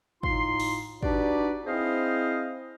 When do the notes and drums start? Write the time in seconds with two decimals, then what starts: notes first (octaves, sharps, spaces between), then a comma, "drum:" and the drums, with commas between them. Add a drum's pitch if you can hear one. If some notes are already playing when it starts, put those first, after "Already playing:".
0.23 A2 D#4 F4 C6, drum: kick
0.60 drum: open hi-hat
1.03 D4 D#4 F#4 G4 B4 D5, drum: kick
1.66 C4 E4 G#4 C5 D#5 F5